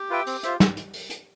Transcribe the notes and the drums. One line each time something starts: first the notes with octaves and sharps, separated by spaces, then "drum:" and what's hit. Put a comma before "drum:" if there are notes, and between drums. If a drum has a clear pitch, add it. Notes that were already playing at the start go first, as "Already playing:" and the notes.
Already playing: G4
F4 B4 E5 G5
C4, drum: open hi-hat
F4 C5 E5, drum: hi-hat
drum: snare
drum: hi-hat
drum: open hi-hat
drum: hi-hat